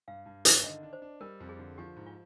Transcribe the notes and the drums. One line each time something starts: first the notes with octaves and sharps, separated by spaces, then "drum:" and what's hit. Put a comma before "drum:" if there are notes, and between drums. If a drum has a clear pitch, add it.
G2 F5
G2
D#3, drum: hi-hat
D3 D#5
D4
C5
D4
G3 A#4
F2
G#4
D3
F3 G4
G#2
F4